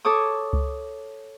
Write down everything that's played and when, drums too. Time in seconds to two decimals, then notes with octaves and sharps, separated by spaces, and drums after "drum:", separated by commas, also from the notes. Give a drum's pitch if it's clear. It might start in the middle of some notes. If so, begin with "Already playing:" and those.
0.05 A4 C#5 D6 D#6
0.53 drum: kick C#2